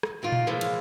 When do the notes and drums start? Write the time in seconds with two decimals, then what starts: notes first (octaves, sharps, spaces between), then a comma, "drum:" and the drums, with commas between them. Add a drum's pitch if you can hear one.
0.03 drum: rim click
0.22 E2 A#2 D#3 F4
0.32 drum: tom A#2
0.47 A2 C#3 E3 F3 G#3 A#3
0.61 drum: cymbal